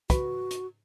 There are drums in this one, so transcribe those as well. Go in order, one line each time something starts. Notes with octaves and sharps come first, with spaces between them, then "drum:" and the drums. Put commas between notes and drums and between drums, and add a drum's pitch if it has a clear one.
F#4 B4, drum: kick, hi-hat
drum: hi-hat